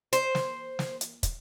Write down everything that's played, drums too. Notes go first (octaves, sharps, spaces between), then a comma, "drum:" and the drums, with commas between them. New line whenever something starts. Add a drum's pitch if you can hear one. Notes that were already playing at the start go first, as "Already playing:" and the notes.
C5, drum: hi-hat
drum: snare
drum: snare
drum: hi-hat
drum: kick, hi-hat